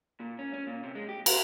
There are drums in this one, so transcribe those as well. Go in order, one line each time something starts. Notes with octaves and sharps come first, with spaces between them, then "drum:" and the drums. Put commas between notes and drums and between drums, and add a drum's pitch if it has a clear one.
A#2
C#4
C#4
A#2
C3
G#3
G4
A#4, drum: cymbal